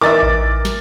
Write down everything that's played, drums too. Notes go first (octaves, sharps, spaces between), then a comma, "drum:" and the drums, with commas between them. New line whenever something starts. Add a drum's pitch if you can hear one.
E3 D#4 A#4 E5 D6 A6
drum: kick A1
drum: snare